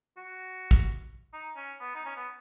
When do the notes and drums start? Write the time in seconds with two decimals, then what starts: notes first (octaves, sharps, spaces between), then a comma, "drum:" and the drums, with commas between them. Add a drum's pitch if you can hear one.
0.17 F#4
0.71 drum: kick
1.33 D#4
1.56 C#4
1.80 B3
1.95 D#4
2.06 C#4
2.16 B3